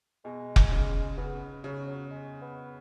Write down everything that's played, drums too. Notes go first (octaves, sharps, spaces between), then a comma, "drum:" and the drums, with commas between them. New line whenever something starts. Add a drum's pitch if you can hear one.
B2 G#3
drum: kick F1
C#3
C#3 B3
C#3 F#3
F#3
G#3
B3